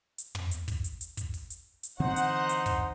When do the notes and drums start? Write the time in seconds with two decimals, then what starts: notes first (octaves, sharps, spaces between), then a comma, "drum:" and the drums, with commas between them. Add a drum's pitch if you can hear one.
0.18 drum: hi-hat
0.35 drum: tom
0.51 drum: hi-hat
0.68 drum: kick, open hi-hat
0.84 drum: hi-hat
1.01 drum: hi-hat
1.17 drum: kick, hi-hat
1.34 drum: open hi-hat
1.50 drum: hi-hat
1.83 drum: hi-hat
2.00 D3 E3 C4 D#4 C5 F#5
2.16 drum: hi-hat
2.49 drum: hi-hat
2.66 drum: kick, open hi-hat